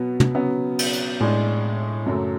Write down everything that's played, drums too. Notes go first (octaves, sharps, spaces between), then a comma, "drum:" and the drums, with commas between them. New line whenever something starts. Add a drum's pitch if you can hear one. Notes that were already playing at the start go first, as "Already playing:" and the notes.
Already playing: B2 F#3 B3
drum: tom
C#3 F#3 B3
drum: cymbal
drum: hi-hat
A2 G#3 D4
F#2 C#3 F#3 A3